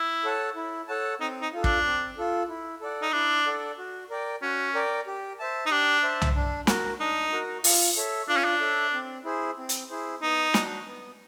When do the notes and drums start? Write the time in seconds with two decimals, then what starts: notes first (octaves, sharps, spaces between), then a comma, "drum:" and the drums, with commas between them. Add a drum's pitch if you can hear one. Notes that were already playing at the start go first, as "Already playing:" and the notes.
Already playing: E4
0.24 A4 C#5 F#5 A5
0.56 E4
0.88 A4 C#5 F#5 A5
1.21 C4 D#4
1.42 D#4
1.53 F4 A4
1.64 D4, drum: kick
1.85 C4
2.17 F4 A4
2.49 E4
2.81 A4 D5 F#5
3.02 D#4
3.13 D4 E4
3.46 A4 D5 F#5
3.78 F#4
4.10 A#4 D5 G5
4.42 C#4 F#4
4.75 A#4 D5 G5
5.07 G4
5.39 C5 E5 A5
5.66 D#4
5.71 D4 G4
6.03 C5 E5 A5
6.22 drum: tom C2
6.35 D4
6.67 F#4 A#4, drum: snare
7.00 D4 D#4
7.32 F#4 A#4
7.64 F4, drum: open hi-hat
7.97 A4 C#5 E5
8.29 D4 F4
8.37 C#4
8.45 D4
8.60 A4 C#5 E5
8.93 C4
9.25 E4 G#4 C5
9.58 C4
9.69 drum: hi-hat
9.90 E4 G#4 C5
10.22 B3 D#4
10.54 D4 F#4, drum: snare
10.86 B3